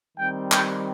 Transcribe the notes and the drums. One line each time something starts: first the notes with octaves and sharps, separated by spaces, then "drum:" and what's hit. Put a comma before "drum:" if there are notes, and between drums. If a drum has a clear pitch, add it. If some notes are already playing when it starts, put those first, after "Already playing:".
D#3 G3 C4 G5
G5, drum: clap